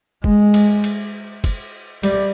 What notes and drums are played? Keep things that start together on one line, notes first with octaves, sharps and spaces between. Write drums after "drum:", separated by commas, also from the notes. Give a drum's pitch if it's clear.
G#3, drum: kick
drum: cymbal
drum: cymbal
drum: kick, cymbal
G3, drum: cymbal